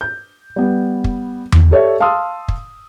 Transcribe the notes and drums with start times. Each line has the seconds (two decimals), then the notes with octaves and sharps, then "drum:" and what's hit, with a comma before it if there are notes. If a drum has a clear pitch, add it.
0.01 G6
0.56 G3 B3
1.04 drum: kick
1.52 drum: tom E2
1.71 G4 A4 C#5 D5 E5
2.00 F5 A5 C6 D#6 E6
2.48 drum: kick